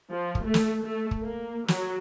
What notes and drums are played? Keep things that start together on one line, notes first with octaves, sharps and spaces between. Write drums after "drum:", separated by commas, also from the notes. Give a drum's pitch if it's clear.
F3
drum: kick
A3
drum: snare
A3
drum: kick
A#3
F#3, drum: snare